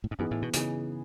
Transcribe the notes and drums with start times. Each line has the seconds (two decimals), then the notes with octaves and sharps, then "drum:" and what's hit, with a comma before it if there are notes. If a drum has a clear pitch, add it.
0.04 A2
0.11 G#2
0.18 F#2 E3 B3 D#4 G#4
0.31 A2
0.42 B2
0.53 C#3 E3 B3 D#4 G#4, drum: hi-hat